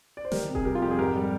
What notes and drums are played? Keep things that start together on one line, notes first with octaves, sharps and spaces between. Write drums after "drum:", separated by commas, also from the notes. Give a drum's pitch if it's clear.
D5
C5
D#3 G4 A#4, drum: snare
C3
G#4, drum: kick E1
G3 G4 A#4
F4
F2 G4
G#4
G#2 G4 A#4
G3